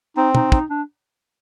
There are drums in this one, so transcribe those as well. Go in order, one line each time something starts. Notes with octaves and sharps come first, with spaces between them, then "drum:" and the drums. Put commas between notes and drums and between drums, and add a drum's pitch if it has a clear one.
C4 D#4
D#4, drum: tom
D#4, drum: kick
D4